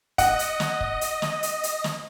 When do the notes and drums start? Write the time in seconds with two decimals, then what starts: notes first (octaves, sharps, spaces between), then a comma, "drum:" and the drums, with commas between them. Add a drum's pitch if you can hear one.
0.18 D#5 F#5, drum: kick, hi-hat
0.39 drum: hi-hat
0.60 drum: snare
0.81 drum: kick
1.01 drum: hi-hat
1.22 drum: snare
1.43 drum: hi-hat
1.63 drum: hi-hat
1.84 drum: snare